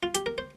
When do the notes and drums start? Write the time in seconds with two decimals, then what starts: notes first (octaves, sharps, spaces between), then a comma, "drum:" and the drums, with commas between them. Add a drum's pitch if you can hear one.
0.03 F4
0.15 G4, drum: hi-hat
0.26 A#4
0.38 C5